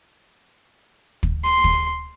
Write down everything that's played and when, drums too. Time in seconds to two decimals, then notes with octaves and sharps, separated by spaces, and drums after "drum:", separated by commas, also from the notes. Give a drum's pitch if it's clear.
1.23 drum: kick
1.43 C6
1.64 drum: kick